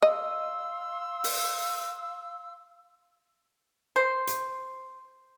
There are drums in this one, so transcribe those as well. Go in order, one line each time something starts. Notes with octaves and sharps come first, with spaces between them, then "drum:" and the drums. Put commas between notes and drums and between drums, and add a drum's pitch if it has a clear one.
D#5 F5 C6 E6
drum: open hi-hat
C5
drum: hi-hat